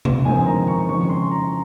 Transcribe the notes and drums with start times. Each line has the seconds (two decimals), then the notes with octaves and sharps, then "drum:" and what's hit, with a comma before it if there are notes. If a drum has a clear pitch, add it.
0.05 drum: tom C3
0.24 G1 F2 D#3 G#3 C4 G#5
0.46 A#5
0.68 C#6
0.89 F2 C#3 G#3 C#6
1.09 C6
1.31 A#5